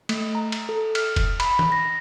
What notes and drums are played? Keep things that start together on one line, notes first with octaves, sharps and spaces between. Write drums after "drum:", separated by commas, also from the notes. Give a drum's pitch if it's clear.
A3, drum: cymbal
A#5
drum: cymbal
A4
F6, drum: cymbal
drum: kick F1, cymbal
B5, drum: cymbal
drum: tom
A#6